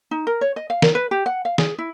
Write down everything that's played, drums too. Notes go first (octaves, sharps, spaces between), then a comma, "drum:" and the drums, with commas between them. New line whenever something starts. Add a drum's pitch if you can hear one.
D#4
A#4
C#5
D#5
F5
A#4, drum: snare
B4
G4
F#5
F5
G#4, drum: snare
E4